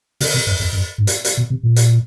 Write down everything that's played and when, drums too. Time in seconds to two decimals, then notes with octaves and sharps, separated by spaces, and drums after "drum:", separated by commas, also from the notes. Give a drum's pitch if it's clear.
0.20 C#3, drum: open hi-hat
0.34 C3
0.47 F#2
0.60 F2
0.73 F#2
0.98 G#2
1.07 drum: hi-hat
1.25 drum: hi-hat
1.37 B2
1.50 C3
1.63 A#2
1.76 drum: hi-hat